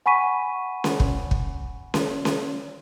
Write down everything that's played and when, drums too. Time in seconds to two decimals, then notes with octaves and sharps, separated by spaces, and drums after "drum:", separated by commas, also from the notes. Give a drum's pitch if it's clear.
0.06 F#5 G#5 B5 C#6 B6 D#7
0.84 drum: snare C#4
1.00 drum: kick
1.31 drum: kick
1.94 drum: snare C#4
2.25 drum: snare C#4